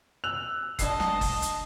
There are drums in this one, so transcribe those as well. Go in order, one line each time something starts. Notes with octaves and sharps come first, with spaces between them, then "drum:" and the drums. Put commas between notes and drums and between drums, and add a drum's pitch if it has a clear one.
E6 F#6 F7
D4 D#5 A5 C7, drum: kick F#1, hi-hat
drum: snare
drum: kick F#1, open hi-hat
drum: hi-hat